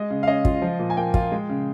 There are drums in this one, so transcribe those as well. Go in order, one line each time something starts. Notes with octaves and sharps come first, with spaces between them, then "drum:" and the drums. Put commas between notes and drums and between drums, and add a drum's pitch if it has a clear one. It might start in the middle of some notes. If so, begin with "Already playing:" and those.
Already playing: G#3 D#5
C#3
F5
C#4 D#5
F4, drum: kick
F3
A#2
G#5
A#3 G5
F4, drum: kick
G#3
C#3